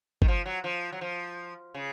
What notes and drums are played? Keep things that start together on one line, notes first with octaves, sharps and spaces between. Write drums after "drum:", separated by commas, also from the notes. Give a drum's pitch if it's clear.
D#3, drum: kick
F3
F#3
F3
F#3
F3
C#3